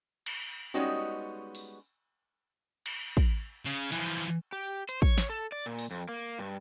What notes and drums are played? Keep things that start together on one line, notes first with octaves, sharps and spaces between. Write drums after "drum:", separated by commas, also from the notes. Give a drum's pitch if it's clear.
drum: cymbal
G3 G#3 B3 C#4 D#4 F#4
drum: open hi-hat
drum: cymbal
drum: kick
C#3
E3 F3, drum: hi-hat
G4
C5, drum: hi-hat
C#5, drum: kick
drum: snare
A4
D5
A#2
drum: open hi-hat
F2
A#3
G2